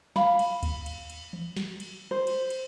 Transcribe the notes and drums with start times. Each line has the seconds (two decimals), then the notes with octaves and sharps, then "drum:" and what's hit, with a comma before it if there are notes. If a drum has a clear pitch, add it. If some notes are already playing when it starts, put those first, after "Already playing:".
0.16 F5 B5, drum: snare
0.39 drum: cymbal
0.63 drum: kick D2, cymbal
0.86 drum: cymbal
1.10 drum: cymbal
1.33 drum: tom E3
1.57 drum: snare
1.80 drum: cymbal
2.11 C5
2.27 drum: cymbal
2.50 drum: cymbal